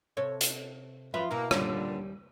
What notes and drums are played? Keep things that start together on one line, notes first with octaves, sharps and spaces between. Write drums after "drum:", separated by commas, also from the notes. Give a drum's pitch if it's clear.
C3 A4 C#5
drum: hi-hat
F#2 F3 F4 B4 E5
B2 A#3 E4
D#2 A#2 D3 G3 C#4, drum: rim click